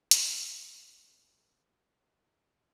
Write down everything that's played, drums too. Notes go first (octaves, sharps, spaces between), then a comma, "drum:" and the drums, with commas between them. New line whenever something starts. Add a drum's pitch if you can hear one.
drum: hi-hat
A#3 F#4 E6
A#4
C3 F3 D#4